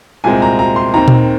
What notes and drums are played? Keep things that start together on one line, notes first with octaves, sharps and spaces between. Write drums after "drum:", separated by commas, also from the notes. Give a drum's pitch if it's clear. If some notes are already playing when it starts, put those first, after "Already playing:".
C2 A#2 G#3 C4 G#5
A#5
A#5
C6
D#2 D#3 C4 A#5
drum: tom A#2